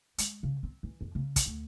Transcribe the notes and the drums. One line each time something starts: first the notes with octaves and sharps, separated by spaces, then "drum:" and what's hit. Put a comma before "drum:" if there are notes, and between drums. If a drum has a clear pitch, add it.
G#3, drum: hi-hat
C#3
C4
E3
F2
C#3
drum: kick, hi-hat
D2